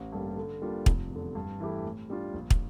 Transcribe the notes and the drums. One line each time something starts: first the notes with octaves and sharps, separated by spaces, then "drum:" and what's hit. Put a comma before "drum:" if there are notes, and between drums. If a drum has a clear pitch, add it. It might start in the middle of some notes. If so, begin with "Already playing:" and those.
Already playing: A1
G2 D3 G3 A#3
D3
G3 A#3 D4 F4
F1, drum: kick
E2 D3
G2
E3 A3 E4 G4
A2
G3 D4 F4
A#1
drum: kick